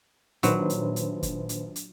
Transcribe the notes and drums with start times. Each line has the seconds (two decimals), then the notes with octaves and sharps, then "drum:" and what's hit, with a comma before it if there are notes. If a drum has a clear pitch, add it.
0.43 A#1 D#3 F#3 B4 C5, drum: hi-hat
0.70 drum: hi-hat
0.96 drum: hi-hat
1.23 drum: kick, hi-hat
1.49 drum: hi-hat
1.76 drum: hi-hat